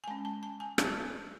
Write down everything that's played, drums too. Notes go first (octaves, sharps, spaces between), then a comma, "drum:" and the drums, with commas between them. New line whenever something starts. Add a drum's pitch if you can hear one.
G#5
G#3 C#4 A5
A5
A5
G#5
A5, drum: rim click